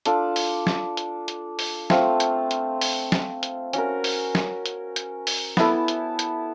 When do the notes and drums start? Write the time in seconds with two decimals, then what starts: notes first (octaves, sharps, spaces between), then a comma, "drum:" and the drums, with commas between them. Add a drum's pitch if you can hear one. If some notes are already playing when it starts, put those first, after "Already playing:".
0.05 D4 F4 A4 D5, drum: hi-hat
0.36 drum: open hi-hat
0.67 drum: snare
0.97 drum: hi-hat
1.28 drum: hi-hat
1.59 drum: open hi-hat
1.90 A3 C4 F4, drum: snare
2.20 drum: hi-hat
2.51 drum: hi-hat
2.81 drum: open hi-hat
3.12 drum: snare
3.43 drum: hi-hat
3.73 C#4 F#4 A#4, drum: hi-hat
4.04 drum: open hi-hat
4.35 drum: snare
4.66 drum: hi-hat
4.96 drum: hi-hat
5.27 drum: open hi-hat
5.57 B3 E4 A4, drum: snare
5.88 drum: hi-hat
6.19 drum: hi-hat